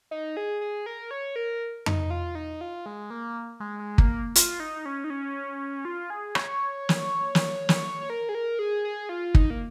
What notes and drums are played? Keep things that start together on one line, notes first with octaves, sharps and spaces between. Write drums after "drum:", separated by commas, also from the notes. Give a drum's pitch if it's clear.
D#4
G#4
G#4
A#4
C#5
A#4
D#4, drum: tom F2
F4
D#4
F4
G#3
A#3
G#3
G#3
A#3, drum: kick
F4, drum: hi-hat
D#4
D#4
C#4
D#4
C#4
F4
G#4
C#5, drum: rim click
drum: snare
drum: snare
drum: snare
C#5
A#4
G#4
A#4
G#4
G#4
F4
D#4, drum: kick
A#3